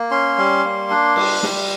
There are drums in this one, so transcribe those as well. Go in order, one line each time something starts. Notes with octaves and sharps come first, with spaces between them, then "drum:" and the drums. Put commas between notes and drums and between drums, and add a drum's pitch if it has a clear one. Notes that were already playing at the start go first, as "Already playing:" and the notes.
Already playing: A#3
C#4 C6
G3
A#3
D4
G3, drum: cymbal
G3, drum: snare